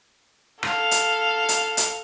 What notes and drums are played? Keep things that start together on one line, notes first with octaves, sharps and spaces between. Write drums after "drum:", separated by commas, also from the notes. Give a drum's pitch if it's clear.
A4 F5, drum: rim click
drum: hi-hat
drum: hi-hat
drum: hi-hat